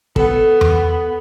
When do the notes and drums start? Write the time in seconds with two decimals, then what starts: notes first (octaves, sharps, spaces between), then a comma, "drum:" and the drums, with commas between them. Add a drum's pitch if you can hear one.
0.16 B3 A4, drum: kick
0.61 drum: tom E2